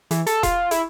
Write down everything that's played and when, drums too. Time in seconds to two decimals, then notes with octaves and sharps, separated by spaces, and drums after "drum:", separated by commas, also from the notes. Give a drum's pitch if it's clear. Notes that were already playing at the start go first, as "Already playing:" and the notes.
0.11 E3, drum: hi-hat
0.27 A4, drum: hi-hat
0.43 F4, drum: kick E1, hi-hat
0.71 E4, drum: hi-hat